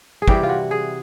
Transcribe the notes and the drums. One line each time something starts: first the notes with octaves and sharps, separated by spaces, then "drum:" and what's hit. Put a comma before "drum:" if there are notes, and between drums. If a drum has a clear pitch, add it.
G#4
C3 E3 G3 G4, drum: kick
F4
F#4
G#4